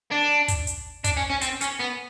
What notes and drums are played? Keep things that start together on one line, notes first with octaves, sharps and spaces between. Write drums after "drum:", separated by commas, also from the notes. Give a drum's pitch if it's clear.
D4
drum: kick, hi-hat
drum: hi-hat
D4, drum: kick, hi-hat
C#4
C#4
C4, drum: hi-hat
C#4, drum: hi-hat
B3